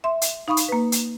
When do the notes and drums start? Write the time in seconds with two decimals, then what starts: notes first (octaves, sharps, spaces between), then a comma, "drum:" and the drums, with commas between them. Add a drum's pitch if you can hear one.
0.04 E5 C6
0.22 drum: hi-hat
0.48 D#4 F5 B5 C#6 D#6
0.57 drum: hi-hat
0.68 A#3 B4
0.92 drum: hi-hat